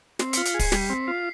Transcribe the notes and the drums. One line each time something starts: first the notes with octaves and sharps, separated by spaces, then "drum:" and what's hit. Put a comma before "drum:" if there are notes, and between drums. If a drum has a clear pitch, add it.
C4 C7, drum: snare
B6 C#7, drum: hi-hat
F4
C7, drum: hi-hat
G#4
C7, drum: kick, open hi-hat
G3 B6, drum: snare
C4 B6
F4 C7